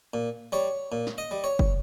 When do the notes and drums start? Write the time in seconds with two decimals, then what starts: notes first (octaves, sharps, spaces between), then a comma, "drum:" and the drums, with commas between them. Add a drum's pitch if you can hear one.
0.14 A#2
0.52 G3 C#5
0.92 A#2
1.07 drum: snare
1.18 D#5
1.31 G3
1.44 C#5
1.59 drum: kick